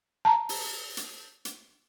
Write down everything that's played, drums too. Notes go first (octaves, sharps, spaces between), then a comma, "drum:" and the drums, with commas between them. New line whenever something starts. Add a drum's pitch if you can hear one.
A5 A#5
drum: open hi-hat
drum: hi-hat
drum: hi-hat